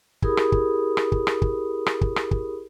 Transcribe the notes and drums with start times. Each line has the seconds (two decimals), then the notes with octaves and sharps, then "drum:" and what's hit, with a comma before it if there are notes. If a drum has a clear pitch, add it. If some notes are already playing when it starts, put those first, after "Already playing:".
0.22 E4 G4 G#4 A#4 B5 D#6, drum: kick
0.37 drum: rim click
0.52 drum: kick
0.97 drum: rim click
1.12 drum: kick
1.27 drum: rim click
1.42 drum: kick
1.86 drum: rim click
2.01 drum: kick
2.16 drum: rim click
2.31 drum: kick